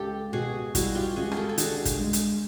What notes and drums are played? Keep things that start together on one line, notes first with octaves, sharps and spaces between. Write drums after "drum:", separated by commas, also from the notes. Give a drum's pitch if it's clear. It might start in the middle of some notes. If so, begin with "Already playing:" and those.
Already playing: C#2 G4 A4
B2 F#4 G#4
G3 E4 F#4, drum: kick, hi-hat
F4 G4
C#2 F#4 G#4
A#4, drum: rim click
G4 A4
A4
D3 F#4 G#4, drum: hi-hat
drum: kick, hi-hat
G#3
drum: hi-hat